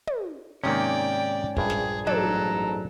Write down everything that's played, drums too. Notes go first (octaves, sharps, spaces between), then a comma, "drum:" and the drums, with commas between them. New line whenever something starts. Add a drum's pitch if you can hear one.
drum: tom
G#2 C3 D#3 A#3 C#4 D5 G5
A#1 G2 G#4, drum: kick
drum: snare
A1 G#2 F#3 D4 A4 A#5, drum: tom